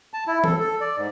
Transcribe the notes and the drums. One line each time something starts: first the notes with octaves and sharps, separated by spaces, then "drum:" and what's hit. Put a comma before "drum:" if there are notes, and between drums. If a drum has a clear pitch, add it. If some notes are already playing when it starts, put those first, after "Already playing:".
A5
E4
A4, drum: tom E3
A4
D5
G#2